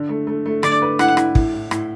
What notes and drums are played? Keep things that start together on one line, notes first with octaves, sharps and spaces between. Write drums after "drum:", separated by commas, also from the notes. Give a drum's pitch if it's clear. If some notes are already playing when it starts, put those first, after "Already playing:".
Already playing: D3
A3
A3
A3
D3 D5, drum: rim click
B4
E4 F#5, drum: rim click
E4, drum: rim click
A2, drum: kick
A2
A2, drum: rim click